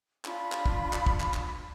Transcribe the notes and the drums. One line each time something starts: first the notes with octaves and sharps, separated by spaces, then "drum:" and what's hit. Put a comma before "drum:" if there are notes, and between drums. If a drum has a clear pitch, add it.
D4 F4 B5, drum: clap
drum: clap
drum: kick
drum: clap
drum: kick
drum: clap
drum: clap